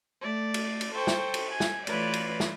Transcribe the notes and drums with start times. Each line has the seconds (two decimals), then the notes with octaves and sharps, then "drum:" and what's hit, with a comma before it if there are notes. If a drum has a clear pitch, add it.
0.21 A3 D5
0.54 drum: cymbal
0.81 drum: cymbal
0.94 A4 C5 G5 C#6
1.07 drum: snare
1.34 drum: cymbal
1.49 G#5
1.60 drum: snare
1.87 E3 A3 F4 B4 C#5 D5, drum: cymbal
2.13 drum: cymbal
2.40 drum: snare